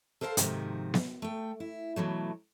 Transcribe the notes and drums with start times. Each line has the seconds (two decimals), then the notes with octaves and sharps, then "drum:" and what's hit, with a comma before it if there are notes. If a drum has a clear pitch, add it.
0.21 A4 A#4 C5 C#5 F5 A5
0.37 G#2 C3 D#3 F3 C4 F#4, drum: hi-hat
0.94 drum: snare B3
1.22 A3 G5
1.60 E4
1.96 B2 E3 F#3 A3